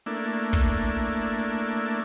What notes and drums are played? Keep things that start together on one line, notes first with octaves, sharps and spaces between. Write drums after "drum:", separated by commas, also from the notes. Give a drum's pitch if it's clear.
A3 A#3 D4 E4
drum: kick